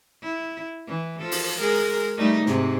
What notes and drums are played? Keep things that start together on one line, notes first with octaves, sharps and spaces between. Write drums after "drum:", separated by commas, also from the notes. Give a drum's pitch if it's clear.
E4
E3
F3 A4
drum: open hi-hat
G#3 G#4 A#4
G3 A3 D#4
G#2 C3, drum: snare